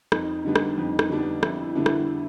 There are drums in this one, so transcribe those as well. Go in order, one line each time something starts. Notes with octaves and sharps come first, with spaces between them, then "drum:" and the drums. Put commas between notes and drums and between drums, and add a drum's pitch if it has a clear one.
F2 D#4, drum: rim click
D3 G3 B3 D4
drum: rim click
F2
drum: rim click
D3 G3 B3 D4
F2 E4, drum: rim click
D3 G3 B3 D4
drum: rim click